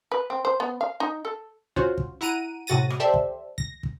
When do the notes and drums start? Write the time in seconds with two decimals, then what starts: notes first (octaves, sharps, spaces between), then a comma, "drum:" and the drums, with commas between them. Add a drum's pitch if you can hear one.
0.12 B4
0.30 C4
0.45 C5
0.60 B3
0.81 F5
1.00 D#4
1.25 A4
1.76 C#4 F4 F#4 C5, drum: kick
1.98 drum: kick
2.21 E4 F#5 A#5 D7 D#7
2.67 A2 C3 F#4 A6 A#6 D#7
2.90 drum: rim click
3.00 C4 G4 A4 C5 D5 E5
3.14 drum: kick
3.58 A#6, drum: kick
3.83 drum: kick